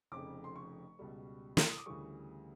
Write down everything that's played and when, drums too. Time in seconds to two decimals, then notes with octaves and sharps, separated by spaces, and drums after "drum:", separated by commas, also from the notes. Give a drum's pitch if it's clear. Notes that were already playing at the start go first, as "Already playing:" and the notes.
0.12 F1 F2 C#3 D6
0.44 C6
0.56 C#6
0.99 C#2 B2 G3
1.57 drum: snare
1.69 D#6
1.77 D6
1.86 D2 C#3 E3 G3 C#6